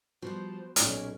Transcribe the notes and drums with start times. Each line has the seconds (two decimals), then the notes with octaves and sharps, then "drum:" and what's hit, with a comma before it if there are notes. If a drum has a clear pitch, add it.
0.22 F3 G3 B3 F#4 C5
0.76 B1 A#2 A#3 C#4 G#4 C#5 D5 F6, drum: hi-hat